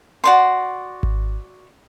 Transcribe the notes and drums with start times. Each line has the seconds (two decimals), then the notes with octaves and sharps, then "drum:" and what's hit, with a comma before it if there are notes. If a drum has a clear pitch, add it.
0.24 F#4 D5 C6
1.03 drum: kick G#1